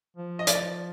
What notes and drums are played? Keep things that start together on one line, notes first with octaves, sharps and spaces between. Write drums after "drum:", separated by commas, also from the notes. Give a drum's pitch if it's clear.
F3
D#5
F3 D5, drum: hi-hat